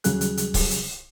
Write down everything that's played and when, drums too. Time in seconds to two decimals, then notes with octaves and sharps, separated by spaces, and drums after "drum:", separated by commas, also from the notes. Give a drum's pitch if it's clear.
0.04 D#2 C#3 F#3 G3 G#4 F#6, drum: hi-hat
0.21 drum: hi-hat
0.37 drum: hi-hat
0.54 drum: kick C#1, open hi-hat
0.71 drum: hi-hat